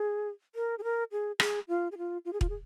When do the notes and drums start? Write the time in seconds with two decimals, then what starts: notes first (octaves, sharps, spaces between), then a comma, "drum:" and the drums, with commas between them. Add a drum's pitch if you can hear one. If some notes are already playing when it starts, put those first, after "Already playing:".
Already playing: G#4
0.55 A#4
0.79 G#4
0.84 A#4
1.12 G#4
1.40 G#4, drum: rim click
1.68 F4
1.92 G#4
1.98 F4
2.25 F4
2.33 G#4
2.41 F4, drum: kick
2.49 G#4